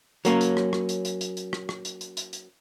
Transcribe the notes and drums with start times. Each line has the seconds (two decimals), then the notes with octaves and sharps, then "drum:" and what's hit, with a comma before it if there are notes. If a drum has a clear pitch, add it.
0.25 F#3 A#3 C#4, drum: hi-hat
0.41 drum: hi-hat
0.57 drum: rim click
0.73 drum: rim click
0.89 drum: hi-hat
1.05 drum: hi-hat
1.21 drum: hi-hat
1.37 drum: hi-hat
1.53 drum: rim click
1.69 drum: rim click
1.85 drum: hi-hat
2.01 drum: hi-hat
2.17 drum: hi-hat
2.33 drum: hi-hat